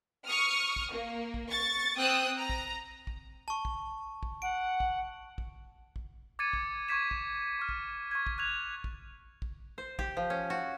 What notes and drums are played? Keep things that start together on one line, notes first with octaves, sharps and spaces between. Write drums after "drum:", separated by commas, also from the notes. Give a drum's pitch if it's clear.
C#6 D#6 F6
drum: kick
A#3
drum: kick
C#6 A6
C4 G5 D#6 E6 F#6
A#5
drum: kick
drum: kick
A5 C#6
drum: kick
drum: kick
F#5 D7
drum: kick
drum: kick
drum: kick
D6 G#6 A6 C#7 D#7
drum: kick
C#6 D6 G#6 B6 E7
drum: kick
C#6 F6
drum: kick
C#6 G#6
drum: kick
C#6 F#6 G#6 F7
drum: kick
drum: kick
C5
G4, drum: kick
F3
C#4
F#4